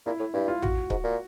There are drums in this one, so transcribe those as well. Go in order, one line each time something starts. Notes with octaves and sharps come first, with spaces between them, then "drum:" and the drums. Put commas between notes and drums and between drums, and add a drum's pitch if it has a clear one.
A#2 E4
A2
G2 E4
F4
F#4, drum: tom A1
G#2, drum: kick C#1
A#2